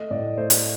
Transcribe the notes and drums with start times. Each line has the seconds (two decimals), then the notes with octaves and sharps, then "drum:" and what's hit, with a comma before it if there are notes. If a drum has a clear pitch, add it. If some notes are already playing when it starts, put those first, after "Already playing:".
Already playing: A3 D#5
0.10 A2 D5
0.37 A3 C5
0.50 drum: hi-hat